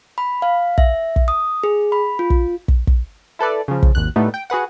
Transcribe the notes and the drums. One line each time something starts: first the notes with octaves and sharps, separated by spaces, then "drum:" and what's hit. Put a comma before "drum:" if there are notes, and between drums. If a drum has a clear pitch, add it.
B5
F5
E5, drum: kick
drum: kick
D#6
G#4
B5
F4
drum: kick
drum: kick
drum: kick
E4 A4 B4 D5
C#3 F3
drum: kick
G#1 D#2 F#6
A2 G3 A3 B3 D#4
G5
F#4 G#4 B4 F#5